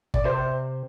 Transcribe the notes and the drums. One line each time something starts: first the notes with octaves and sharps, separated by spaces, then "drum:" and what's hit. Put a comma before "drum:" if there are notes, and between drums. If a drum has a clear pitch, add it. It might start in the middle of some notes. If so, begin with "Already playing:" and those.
D5, drum: kick
C3 C5